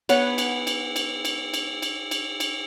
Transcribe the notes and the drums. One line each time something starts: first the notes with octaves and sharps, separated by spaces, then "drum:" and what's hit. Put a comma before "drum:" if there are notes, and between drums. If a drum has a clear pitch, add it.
B3 C#5 F#5, drum: cymbal
drum: cymbal
drum: cymbal
drum: cymbal
drum: cymbal
drum: cymbal
drum: cymbal
drum: cymbal
drum: cymbal